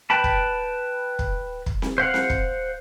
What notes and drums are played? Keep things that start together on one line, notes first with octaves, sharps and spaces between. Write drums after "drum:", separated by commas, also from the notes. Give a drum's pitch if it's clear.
B4 G5 A5 B5
drum: kick
drum: kick
drum: kick
drum: snare C4
C5 F5 F#5
drum: snare C4
drum: kick